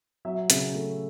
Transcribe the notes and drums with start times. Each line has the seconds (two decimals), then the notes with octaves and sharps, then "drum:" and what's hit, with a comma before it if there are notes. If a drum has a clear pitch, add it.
0.25 F#3 E5
0.50 C#3, drum: hi-hat
0.75 A3